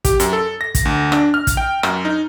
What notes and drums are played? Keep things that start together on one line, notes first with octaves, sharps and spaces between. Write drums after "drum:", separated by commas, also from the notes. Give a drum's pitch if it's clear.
G4, drum: kick, hi-hat
F#2, drum: hi-hat
A4
A#6
drum: kick, hi-hat
D2
D4, drum: rim click
F6
drum: kick, hi-hat
G5
F#2, drum: rim click
D#4